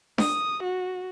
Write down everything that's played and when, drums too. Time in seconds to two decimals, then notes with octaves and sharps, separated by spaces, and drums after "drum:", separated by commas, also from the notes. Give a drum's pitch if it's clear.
0.18 D#6, drum: snare D4
0.63 F#4